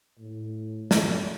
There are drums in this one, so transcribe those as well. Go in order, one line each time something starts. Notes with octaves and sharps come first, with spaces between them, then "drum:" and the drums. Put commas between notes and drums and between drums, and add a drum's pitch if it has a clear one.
A2
F#2, drum: snare